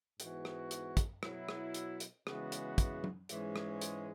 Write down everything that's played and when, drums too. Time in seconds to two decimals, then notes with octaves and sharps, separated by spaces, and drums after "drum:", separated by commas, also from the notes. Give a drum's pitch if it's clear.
0.20 G#2 E3 B3 F#4, drum: hi-hat
0.45 drum: rim click
0.71 drum: hi-hat
0.97 drum: kick, hi-hat
1.23 B2 F#3 E4, drum: rim click
1.49 drum: rim click
1.74 drum: hi-hat
2.00 drum: hi-hat
2.27 C#3 E3 G#3 B3 F#4, drum: rim click
2.52 drum: hi-hat
2.78 drum: kick, hi-hat
3.04 drum: tom F#3
3.29 G#2 E3 G#3 C#4, drum: hi-hat
3.56 drum: rim click
3.81 drum: hi-hat